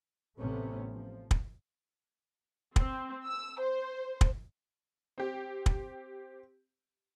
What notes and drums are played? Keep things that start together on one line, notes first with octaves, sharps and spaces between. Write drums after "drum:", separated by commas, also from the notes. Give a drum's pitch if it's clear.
A1 C3 A3 B3 C#4
F3
drum: kick
C4, drum: kick
E6
C5
drum: kick
C4 G4
drum: kick